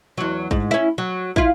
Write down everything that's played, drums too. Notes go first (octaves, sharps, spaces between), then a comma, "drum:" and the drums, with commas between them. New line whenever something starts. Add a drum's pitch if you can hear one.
E2 F#3
G#2, drum: kick
C#4 E4
F#3
E4 F4, drum: kick